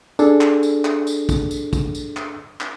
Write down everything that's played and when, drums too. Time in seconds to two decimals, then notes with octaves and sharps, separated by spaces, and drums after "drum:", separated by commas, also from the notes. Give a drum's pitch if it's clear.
0.19 D4 G#4 A4, drum: tambourine
0.41 drum: clap
0.63 drum: tambourine
0.85 drum: clap
1.07 drum: tambourine
1.29 drum: kick, tambourine
1.51 drum: tambourine
1.73 drum: kick, tambourine
1.95 drum: tambourine
2.17 drum: clap
2.61 drum: clap